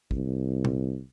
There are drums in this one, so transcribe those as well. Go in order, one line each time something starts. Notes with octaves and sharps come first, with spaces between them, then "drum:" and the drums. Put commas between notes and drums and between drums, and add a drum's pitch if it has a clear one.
C2, drum: kick
drum: tom